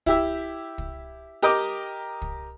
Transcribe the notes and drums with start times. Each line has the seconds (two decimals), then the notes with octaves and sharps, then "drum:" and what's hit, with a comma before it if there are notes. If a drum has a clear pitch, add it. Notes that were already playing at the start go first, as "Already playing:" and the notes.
0.06 E4 G4 E5, drum: kick
0.78 drum: kick
1.42 G4 A#4 D#5 G5 D6 D#6
2.22 drum: kick